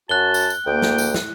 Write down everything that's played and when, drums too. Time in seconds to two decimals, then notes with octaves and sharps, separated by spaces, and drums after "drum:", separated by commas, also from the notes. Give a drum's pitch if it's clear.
0.09 F#2 F#4 A5 F#6 G7
0.34 drum: tambourine
0.50 drum: tambourine
0.66 D2 A#3 G5
0.82 drum: snare
0.98 drum: tambourine
1.14 drum: snare